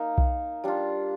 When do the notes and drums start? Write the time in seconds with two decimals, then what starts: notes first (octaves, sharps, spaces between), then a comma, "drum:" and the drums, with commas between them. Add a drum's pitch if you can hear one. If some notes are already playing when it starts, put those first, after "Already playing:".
Already playing: A#3 D#4 F5
0.18 drum: kick B1
0.64 G3 D4 F4